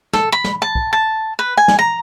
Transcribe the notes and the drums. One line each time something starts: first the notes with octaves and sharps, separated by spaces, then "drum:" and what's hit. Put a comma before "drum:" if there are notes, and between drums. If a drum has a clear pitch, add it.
A4, drum: snare
B5
drum: snare
A5
drum: kick
A5
B4
G#5
drum: snare
A#5